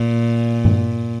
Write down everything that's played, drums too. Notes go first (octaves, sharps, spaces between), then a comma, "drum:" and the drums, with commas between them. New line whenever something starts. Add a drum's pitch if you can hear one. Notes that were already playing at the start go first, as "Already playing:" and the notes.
Already playing: A#2
drum: tom G2